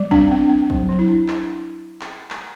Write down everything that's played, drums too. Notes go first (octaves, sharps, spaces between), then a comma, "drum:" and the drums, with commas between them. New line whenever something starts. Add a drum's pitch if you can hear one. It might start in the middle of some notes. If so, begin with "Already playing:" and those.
Already playing: G3
C4 D4, drum: kick
C4
C4
F#3, drum: kick
F#3
E4
D4
drum: clap
drum: clap
drum: clap